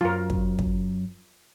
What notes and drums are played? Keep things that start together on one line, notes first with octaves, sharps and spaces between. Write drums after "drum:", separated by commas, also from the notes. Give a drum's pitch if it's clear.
F#2 F#3 F4 A#4
drum: kick
drum: kick